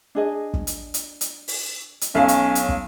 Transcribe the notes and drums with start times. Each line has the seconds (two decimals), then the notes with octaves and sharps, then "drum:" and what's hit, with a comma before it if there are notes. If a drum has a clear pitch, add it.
0.15 D4 G#4 D#5
0.54 drum: kick
0.67 drum: hi-hat
0.94 drum: hi-hat
1.21 drum: hi-hat
1.48 drum: open hi-hat
2.01 drum: hi-hat
2.15 B1 C#4 F5
2.28 drum: hi-hat
2.55 drum: hi-hat
2.69 drum: kick